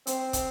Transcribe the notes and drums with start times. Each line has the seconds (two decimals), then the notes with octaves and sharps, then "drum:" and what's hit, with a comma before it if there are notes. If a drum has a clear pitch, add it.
0.07 C4, drum: hi-hat
0.33 drum: kick, hi-hat